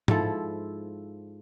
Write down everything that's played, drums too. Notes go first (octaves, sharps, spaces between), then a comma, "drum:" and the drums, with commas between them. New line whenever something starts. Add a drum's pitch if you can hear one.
G#2 F3 E4 A4, drum: tom G#2